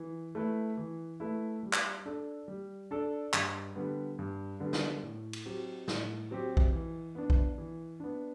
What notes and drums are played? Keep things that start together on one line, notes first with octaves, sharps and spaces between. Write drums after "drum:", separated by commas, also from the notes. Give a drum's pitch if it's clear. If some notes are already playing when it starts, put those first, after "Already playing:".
Already playing: E3
A3 E4 B4
E3
A3 E4 B4
G3
drum: clap
D4 A4 D5
G3
D4 A4 D5
G2, drum: clap
D3 G3 B3
G2
D3 G3 B3
drum: snare
A2
drum: cymbal
F#3 C4 G4
A2, drum: snare
F#3 C4 G4
drum: kick A#1
E3
B3 D4
drum: kick A#1
E3
B3 D4